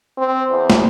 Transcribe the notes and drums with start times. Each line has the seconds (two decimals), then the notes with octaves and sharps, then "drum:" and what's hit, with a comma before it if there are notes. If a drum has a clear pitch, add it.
0.18 C4
0.50 E2
0.70 drum: snare